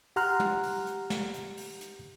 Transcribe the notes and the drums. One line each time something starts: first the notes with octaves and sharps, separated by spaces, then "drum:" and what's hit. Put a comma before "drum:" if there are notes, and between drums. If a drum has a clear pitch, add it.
G4 F#5 A#5 C6 F6 F#6, drum: open hi-hat
drum: tom
drum: open hi-hat
drum: hi-hat
drum: snare
drum: hi-hat
drum: open hi-hat
drum: hi-hat